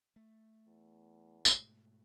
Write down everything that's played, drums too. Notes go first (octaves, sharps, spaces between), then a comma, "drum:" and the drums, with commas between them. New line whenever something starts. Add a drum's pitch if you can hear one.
A3
E2
G#2 B2 A3, drum: tambourine